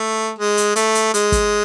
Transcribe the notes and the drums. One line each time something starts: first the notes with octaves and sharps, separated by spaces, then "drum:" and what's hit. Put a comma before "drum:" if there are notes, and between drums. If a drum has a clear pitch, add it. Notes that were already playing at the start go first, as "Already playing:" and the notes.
Already playing: A3
G#3
drum: hi-hat
A3, drum: hi-hat
drum: hi-hat
G#3, drum: hi-hat
drum: kick, hi-hat